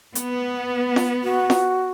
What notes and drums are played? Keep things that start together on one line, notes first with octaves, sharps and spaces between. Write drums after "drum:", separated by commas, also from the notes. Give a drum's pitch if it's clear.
B3, drum: hi-hat
drum: snare
F#4
drum: snare